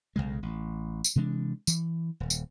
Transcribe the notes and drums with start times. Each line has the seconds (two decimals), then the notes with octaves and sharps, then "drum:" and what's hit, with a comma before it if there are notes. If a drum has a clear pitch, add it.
0.16 B1 E2 C#3 G#3
0.43 A1
1.04 drum: tambourine
1.16 C3 E3 G#3 D4
1.67 E3, drum: tambourine
2.20 D#1
2.30 drum: tambourine